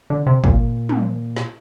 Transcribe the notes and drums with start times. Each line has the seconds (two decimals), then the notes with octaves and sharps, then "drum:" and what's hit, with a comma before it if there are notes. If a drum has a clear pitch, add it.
0.10 D3
0.26 C3
0.44 A#2, drum: kick
0.89 drum: tom
1.37 drum: snare